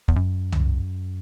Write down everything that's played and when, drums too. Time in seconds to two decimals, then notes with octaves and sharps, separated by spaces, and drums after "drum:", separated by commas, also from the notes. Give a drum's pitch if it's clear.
0.08 E2, drum: kick
0.16 F#2
0.52 drum: tom C2